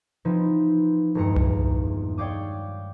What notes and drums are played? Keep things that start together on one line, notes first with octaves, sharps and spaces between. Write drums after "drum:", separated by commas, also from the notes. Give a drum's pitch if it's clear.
E3 F3 C4 D#4
D#1 E2 G2 G#3 A#5 C#7
drum: tom C2
C#5 D5 F5 G5 D6 D#6